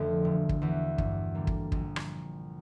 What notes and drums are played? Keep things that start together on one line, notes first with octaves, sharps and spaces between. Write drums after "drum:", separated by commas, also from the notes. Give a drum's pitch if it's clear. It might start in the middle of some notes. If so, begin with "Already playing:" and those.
Already playing: F1 F2 D3 F3 A3 D4
E1
drum: kick
E2 E3
G2, drum: kick
D3 G3 A#3
drum: kick
A#1, drum: kick
drum: rim click